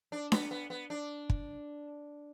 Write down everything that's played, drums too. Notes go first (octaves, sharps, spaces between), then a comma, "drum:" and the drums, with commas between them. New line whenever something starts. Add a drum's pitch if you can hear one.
D4
B3, drum: snare D4
B3
B3
D4
drum: kick